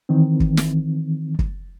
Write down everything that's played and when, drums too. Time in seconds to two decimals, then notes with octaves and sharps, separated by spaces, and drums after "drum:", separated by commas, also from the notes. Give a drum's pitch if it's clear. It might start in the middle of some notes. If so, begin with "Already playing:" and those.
0.09 D#3 E3 C4
0.40 drum: kick
0.57 drum: snare
1.39 drum: kick